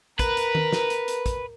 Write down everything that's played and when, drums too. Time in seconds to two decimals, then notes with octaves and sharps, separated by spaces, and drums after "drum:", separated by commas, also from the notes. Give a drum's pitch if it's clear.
0.19 A#4 B4, drum: kick, hi-hat
0.37 drum: hi-hat
0.55 drum: tom D#3
0.73 drum: snare
0.90 drum: hi-hat
1.08 drum: hi-hat
1.26 drum: kick, hi-hat